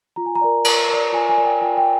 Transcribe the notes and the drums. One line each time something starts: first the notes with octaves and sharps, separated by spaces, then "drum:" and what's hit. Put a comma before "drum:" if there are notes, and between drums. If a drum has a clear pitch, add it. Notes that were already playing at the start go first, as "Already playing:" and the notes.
F4 A#5
G#5
A#5
A#4 D5
F4, drum: cymbal
A#4 D5
F4 G#5
G#5
A#4 D5
G5
F4 G5
G5